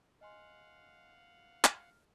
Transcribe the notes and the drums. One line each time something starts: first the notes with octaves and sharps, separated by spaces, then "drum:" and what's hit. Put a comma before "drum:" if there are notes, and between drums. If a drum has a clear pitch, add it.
D#5 F5 F#5 G#5 C6
F6, drum: clap